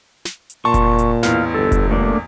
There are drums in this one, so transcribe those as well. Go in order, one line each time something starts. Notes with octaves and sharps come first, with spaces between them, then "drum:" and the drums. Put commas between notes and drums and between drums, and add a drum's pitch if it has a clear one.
drum: snare
drum: hi-hat
A#2 A5 C6 C#6
drum: kick F1, hi-hat
drum: hi-hat
A1 E2 F5, drum: snare
G1 A4
drum: kick F1, hi-hat
A3 A#3 D4